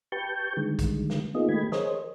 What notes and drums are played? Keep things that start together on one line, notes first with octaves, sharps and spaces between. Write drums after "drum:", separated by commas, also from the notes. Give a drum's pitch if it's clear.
G4 B4 G5 A5 C#6 G6
D3 D#3 G3 G#3
drum: kick, hi-hat
drum: snare
A#3 B3 D#4 F4 G#4 D#5
D#3 G#3 A3 G4 B5 G#6
G#4 A#4 C5 C#5 D#5, drum: snare